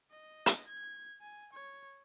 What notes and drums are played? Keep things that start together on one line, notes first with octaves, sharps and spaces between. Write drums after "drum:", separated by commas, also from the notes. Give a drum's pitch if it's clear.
D#5
drum: hi-hat
G#6
G#5
C#5